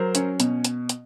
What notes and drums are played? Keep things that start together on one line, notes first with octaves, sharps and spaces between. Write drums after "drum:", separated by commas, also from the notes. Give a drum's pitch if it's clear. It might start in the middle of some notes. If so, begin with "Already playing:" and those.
Already playing: F#3 A#4 C5
C#4, drum: hi-hat
B2, drum: hi-hat
drum: hi-hat
drum: hi-hat